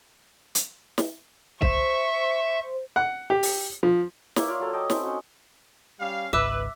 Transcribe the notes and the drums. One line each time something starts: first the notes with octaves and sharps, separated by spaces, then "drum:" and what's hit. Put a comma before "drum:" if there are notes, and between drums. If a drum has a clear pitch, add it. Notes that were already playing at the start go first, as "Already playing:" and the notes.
drum: hi-hat
drum: snare
C5 E5 C#6, drum: kick C2
F#5
G4
drum: open hi-hat
F3
A#3 C#5 E5, drum: snare
F4 C#5 D5 F5
F#3 A4
D#5 G5 A5
C4 C#4 A5 B5, drum: snare
C#4 D#4 F#4
G3 C#4 F5
G#1 C#2 G#2 B4 E5 D6 E6 F#6